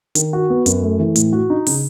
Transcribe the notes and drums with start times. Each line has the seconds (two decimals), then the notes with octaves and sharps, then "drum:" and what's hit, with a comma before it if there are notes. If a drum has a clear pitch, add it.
0.15 D#3, drum: hi-hat
0.33 F#4
0.50 B3
0.66 F#2, drum: hi-hat
0.83 A3
0.99 E3
1.16 A2, drum: hi-hat
1.33 F#4
1.50 D#4
1.67 C#3, drum: open hi-hat